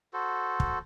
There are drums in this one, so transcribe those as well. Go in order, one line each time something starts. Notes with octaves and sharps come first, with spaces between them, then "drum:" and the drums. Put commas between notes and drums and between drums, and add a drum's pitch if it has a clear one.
F#4 A4 C5
drum: kick